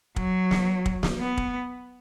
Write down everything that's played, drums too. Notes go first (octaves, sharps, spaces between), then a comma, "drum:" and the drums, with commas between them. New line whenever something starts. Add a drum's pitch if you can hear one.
F#3, drum: kick
drum: snare
drum: kick
drum: snare
B3
drum: kick